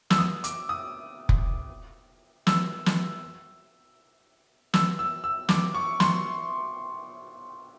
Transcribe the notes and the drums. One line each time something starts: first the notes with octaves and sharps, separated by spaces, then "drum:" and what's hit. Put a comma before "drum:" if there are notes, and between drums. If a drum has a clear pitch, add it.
E6, drum: snare
D#6
D6, drum: hi-hat
D#6
drum: kick F1
E6, drum: snare
drum: snare
E6, drum: snare
E6
E6
D6, drum: snare
C#6
C6, drum: snare